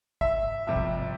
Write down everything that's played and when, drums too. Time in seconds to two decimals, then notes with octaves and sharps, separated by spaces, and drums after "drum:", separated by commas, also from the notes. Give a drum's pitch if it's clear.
0.21 E5, drum: kick
0.67 F2 C3 G3 E5
0.76 drum: kick